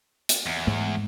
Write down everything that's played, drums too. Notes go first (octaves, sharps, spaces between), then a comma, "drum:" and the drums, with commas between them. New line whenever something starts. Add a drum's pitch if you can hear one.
drum: hi-hat
E2
G#2 G#3 A3